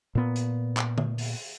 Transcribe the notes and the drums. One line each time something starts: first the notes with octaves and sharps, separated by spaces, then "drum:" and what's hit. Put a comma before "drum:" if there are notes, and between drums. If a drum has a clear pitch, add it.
A#2 B3
drum: hi-hat
drum: clap
drum: tom D3
drum: open hi-hat